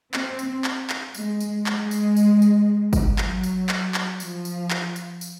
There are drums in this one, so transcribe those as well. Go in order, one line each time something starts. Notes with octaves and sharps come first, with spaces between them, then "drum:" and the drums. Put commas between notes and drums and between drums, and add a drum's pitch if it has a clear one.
C4, drum: clap
drum: tambourine
drum: clap
drum: clap
G#3, drum: tambourine
drum: tambourine
G#3, drum: clap
drum: tambourine
drum: tambourine
drum: tambourine
drum: kick G#1, tambourine
F#3, drum: clap
drum: tambourine
drum: clap
drum: clap
F3, drum: tambourine
drum: tambourine
drum: clap
drum: tambourine
drum: tambourine